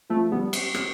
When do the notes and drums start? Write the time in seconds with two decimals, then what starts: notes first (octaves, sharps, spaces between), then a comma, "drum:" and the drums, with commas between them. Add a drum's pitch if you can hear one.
0.10 F3 A3
0.31 G3 B3
0.53 drum: cymbal
0.74 drum: rim click